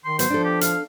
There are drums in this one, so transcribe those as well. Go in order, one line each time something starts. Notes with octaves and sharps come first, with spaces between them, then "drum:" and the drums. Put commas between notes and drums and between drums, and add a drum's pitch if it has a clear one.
D#3 C6
F#3 B3 C5, drum: hi-hat
F3 D4 A4
G4
F5, drum: hi-hat